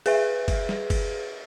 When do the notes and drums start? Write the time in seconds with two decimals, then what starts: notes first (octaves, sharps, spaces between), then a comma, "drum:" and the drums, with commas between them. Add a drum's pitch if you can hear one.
0.06 G#4 B4 E5, drum: cymbal
0.48 drum: kick, cymbal
0.69 drum: snare G3
0.90 drum: kick, cymbal